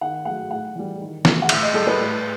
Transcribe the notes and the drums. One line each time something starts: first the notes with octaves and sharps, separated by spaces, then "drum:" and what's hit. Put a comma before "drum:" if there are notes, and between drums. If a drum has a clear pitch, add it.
D#3 F#5
F#3 A3 F#5
A2 F#5
E3 G3
D#3
F#3 A3, drum: snare
F#5
A2 E5, drum: cymbal
D#5
G3 A4
B4
A2